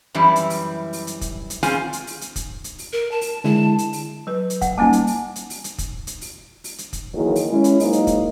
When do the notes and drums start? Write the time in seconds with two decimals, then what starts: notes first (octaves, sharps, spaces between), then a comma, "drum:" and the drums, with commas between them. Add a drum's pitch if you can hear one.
0.15 F#2 E3 G3 E4
0.36 drum: hi-hat
0.50 drum: open hi-hat
0.93 drum: open hi-hat
1.07 drum: hi-hat
1.21 drum: kick, hi-hat
1.50 drum: hi-hat
1.63 C4 C#4 F4 G#4 G#5, drum: open hi-hat
1.93 drum: hi-hat
2.07 drum: open hi-hat
2.21 drum: hi-hat
2.36 drum: kick, hi-hat
2.64 drum: hi-hat
2.78 drum: open hi-hat
2.93 A#4
3.11 A5
3.21 drum: open hi-hat
3.44 D3 G#3 E4 A5
3.78 drum: hi-hat
3.93 drum: open hi-hat
4.27 F#3 B4
4.50 drum: hi-hat
4.62 F#5, drum: kick, hi-hat
4.78 G3 A#3 C#4 D#4 G#5 A5
4.93 drum: hi-hat
5.07 drum: open hi-hat
5.36 drum: hi-hat
5.50 drum: open hi-hat
5.64 drum: hi-hat
5.78 drum: kick, hi-hat
6.07 drum: hi-hat
6.21 drum: open hi-hat
6.64 drum: open hi-hat
6.78 drum: hi-hat
6.93 drum: kick, hi-hat
7.14 D#3 E3 F#3 A#3 E4 G#4
7.36 drum: open hi-hat
7.50 G#3 C#4 E4
7.64 drum: hi-hat
7.80 G#2 F#3 A#3 D#4 D#5, drum: open hi-hat
7.93 drum: hi-hat
8.07 drum: kick, hi-hat